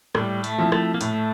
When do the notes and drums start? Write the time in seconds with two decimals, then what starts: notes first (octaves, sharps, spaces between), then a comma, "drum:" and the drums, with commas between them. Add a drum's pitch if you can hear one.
0.15 A2 G3, drum: rim click
0.44 A3, drum: hi-hat
0.58 F3 C4 E4
0.72 A3, drum: rim click
0.94 A#3
1.01 A2 A3, drum: hi-hat